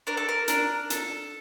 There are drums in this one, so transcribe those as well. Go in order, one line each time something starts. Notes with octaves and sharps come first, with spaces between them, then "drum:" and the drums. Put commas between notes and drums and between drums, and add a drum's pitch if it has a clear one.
D4 A#4
A4
A#4
D4 A#4, drum: hi-hat
A4, drum: hi-hat